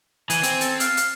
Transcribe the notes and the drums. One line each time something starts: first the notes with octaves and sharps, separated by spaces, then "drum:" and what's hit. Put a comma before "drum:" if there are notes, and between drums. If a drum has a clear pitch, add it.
E3 G#5, drum: hi-hat
C4, drum: hi-hat
A4, drum: hi-hat
F5, drum: hi-hat
drum: hi-hat